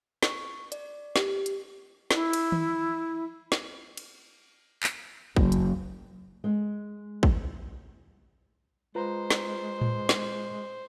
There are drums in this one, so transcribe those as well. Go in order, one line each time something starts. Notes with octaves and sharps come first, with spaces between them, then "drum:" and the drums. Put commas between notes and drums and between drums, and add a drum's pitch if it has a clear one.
C#6, drum: snare
D5, drum: hi-hat
G4, drum: snare
drum: hi-hat
E4, drum: snare
drum: cymbal
drum: tom D#3
drum: snare
drum: cymbal
drum: clap
F#1, drum: kick
drum: hi-hat
G#3
drum: kick
G#3 F4 B4 C5 A#5
drum: snare
drum: tom A2
drum: snare